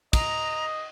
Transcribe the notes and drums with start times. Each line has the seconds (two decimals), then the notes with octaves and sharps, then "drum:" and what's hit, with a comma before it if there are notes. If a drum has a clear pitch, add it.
0.13 D#5 A#5, drum: kick, cymbal